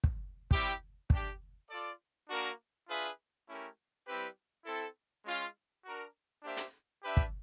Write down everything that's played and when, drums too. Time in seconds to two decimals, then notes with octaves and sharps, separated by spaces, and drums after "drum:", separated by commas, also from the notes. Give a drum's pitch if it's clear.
0.04 drum: kick
0.51 G3 C4 E4 G4, drum: kick
1.10 A3 D4 G4, drum: kick
1.69 F4 A4 D5
2.28 A#3 D4 F#4 A#4
2.87 D4 F4 G#4 B4 E5
3.46 A3 C#4 E4 G4 A#4
4.06 G3 C4 E4 G4 B4
4.65 C4 E4 A4
5.24 G#3 C#4 F4
5.83 D4 F#4 A#4
6.43 A#3 D4 G4 C5 E5
6.57 drum: hi-hat
7.02 D4 G4 B4 E5
7.17 drum: kick